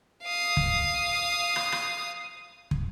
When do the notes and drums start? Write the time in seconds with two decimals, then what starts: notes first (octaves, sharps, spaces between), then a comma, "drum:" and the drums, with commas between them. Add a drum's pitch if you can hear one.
0.24 F5 D#6
0.57 drum: kick
1.56 drum: rim click
1.72 drum: rim click
2.71 drum: kick